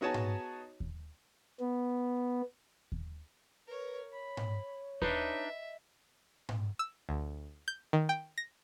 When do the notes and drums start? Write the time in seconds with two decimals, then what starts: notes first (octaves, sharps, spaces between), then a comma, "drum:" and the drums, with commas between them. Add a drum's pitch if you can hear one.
0.01 B3 D#4 F#4 G#4 C#5 A5
0.14 drum: tom G#2
0.80 drum: kick D#2
1.60 B3
2.92 drum: kick D#2
3.67 A#4 B4 C#5
4.12 C#5 B5
4.37 drum: tom G#2
5.02 D4 D#4 B4 E5, drum: kick D#2
5.46 D#5
6.49 drum: tom G#2
6.79 E6
7.09 D2
7.68 G6
7.93 D#3
8.09 G5
8.38 A#6